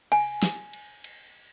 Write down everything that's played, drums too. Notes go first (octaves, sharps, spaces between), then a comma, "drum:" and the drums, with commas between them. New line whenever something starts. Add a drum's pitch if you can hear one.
G#5, drum: cymbal
drum: snare
drum: cymbal
drum: cymbal